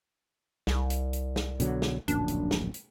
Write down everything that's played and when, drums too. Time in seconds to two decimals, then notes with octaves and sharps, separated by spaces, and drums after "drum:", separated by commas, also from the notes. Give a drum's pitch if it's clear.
0.67 C2, drum: snare
0.90 drum: hi-hat
1.13 drum: hi-hat
1.36 drum: snare
1.60 B2 D3 F#3, drum: hi-hat
1.82 drum: snare
2.08 D1 A#1 F#2 D4, drum: hi-hat
2.28 drum: hi-hat
2.51 drum: snare
2.74 drum: hi-hat